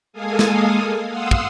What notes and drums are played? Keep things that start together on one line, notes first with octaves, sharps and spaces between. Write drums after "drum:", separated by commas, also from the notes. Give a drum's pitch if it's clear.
G#3 A#3 A4 F5 G#5 D#6
drum: snare
F5 F#5 C6 D#6 E6
drum: kick